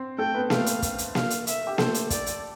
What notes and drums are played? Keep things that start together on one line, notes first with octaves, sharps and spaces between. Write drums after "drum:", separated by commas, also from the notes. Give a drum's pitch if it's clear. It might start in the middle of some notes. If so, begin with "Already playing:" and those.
Already playing: C4 C5
A3 A4 G5
B3 B4
A3 A4 F5, drum: snare A#3
drum: hi-hat
drum: kick, hi-hat
drum: hi-hat
F5, drum: snare A#3
drum: hi-hat
E5, drum: hi-hat
G4
A3 A4 C5, drum: snare A#3
drum: hi-hat
D5, drum: kick, hi-hat
drum: hi-hat